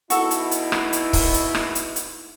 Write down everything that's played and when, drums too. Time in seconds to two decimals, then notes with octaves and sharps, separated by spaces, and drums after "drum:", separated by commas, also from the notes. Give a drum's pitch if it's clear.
0.10 B2 D#4 E4 F#4 A4, drum: hi-hat
0.31 drum: hi-hat
0.51 drum: hi-hat
0.72 drum: rim click
0.93 drum: hi-hat
1.13 drum: kick C#1, open hi-hat
1.34 drum: hi-hat
1.55 drum: rim click
1.75 drum: hi-hat
1.96 drum: hi-hat